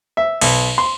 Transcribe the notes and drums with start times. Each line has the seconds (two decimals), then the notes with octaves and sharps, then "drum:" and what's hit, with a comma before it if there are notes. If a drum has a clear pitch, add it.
0.17 E5
0.41 B1, drum: cymbal
0.78 C6